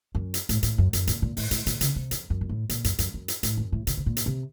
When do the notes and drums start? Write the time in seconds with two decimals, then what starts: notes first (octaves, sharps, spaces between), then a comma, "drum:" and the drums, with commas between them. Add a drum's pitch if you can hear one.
0.15 F#2
0.34 drum: hi-hat
0.49 A2, drum: hi-hat
0.63 A2, drum: hi-hat
0.78 F#2
0.93 F#2, drum: hi-hat
1.07 A#2, drum: hi-hat
1.22 A#2
1.37 A2, drum: open hi-hat
1.51 A2, drum: hi-hat
1.67 A#2, drum: hi-hat
1.81 C#3, drum: hi-hat
1.96 C3
2.11 F2, drum: hi-hat
2.30 F#2
2.41 A#2
2.49 A2
2.69 A#2, drum: hi-hat
2.84 F#2, drum: hi-hat
2.99 F#2, drum: hi-hat
3.14 F#2
3.28 drum: hi-hat
3.43 A2, drum: hi-hat
3.57 F#2
3.72 A2
3.87 C3, drum: hi-hat
3.97 C3
4.06 A#2
4.17 drum: hi-hat
4.26 C3